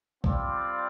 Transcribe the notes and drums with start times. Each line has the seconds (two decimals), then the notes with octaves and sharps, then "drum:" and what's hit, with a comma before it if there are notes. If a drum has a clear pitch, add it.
0.24 G3 C4 F4 D5, drum: kick